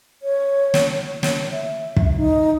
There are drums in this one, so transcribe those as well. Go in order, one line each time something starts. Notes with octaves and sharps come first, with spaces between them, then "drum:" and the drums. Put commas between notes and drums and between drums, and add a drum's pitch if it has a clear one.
C#5
drum: snare
C#5, drum: snare
E5
drum: kick
D#4